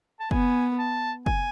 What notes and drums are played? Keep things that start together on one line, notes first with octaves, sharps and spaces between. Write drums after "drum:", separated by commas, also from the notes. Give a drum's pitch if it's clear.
A5
B3 G#5, drum: kick
A5
G#5, drum: kick